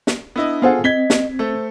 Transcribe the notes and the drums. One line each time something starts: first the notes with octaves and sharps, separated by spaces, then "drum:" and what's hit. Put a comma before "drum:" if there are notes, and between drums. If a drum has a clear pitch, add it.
drum: snare
B3 D4 E4 D#5
B3 F4 G#4 A4 C5 F#5
C4 D#5 G#6 B6 G7
drum: snare
A3 A4 C5